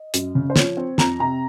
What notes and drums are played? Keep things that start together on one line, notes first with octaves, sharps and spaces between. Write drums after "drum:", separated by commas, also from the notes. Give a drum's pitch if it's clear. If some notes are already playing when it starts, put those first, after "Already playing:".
Already playing: D#5
F#2, drum: hi-hat
C#3
C5
F3 C#5, drum: snare
C4
F2 A#5, drum: snare
C3 A#5